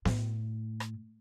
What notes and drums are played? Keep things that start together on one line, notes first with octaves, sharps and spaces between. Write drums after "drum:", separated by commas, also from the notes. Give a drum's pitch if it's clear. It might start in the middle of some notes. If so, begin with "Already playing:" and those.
A2, drum: snare B3
drum: rim click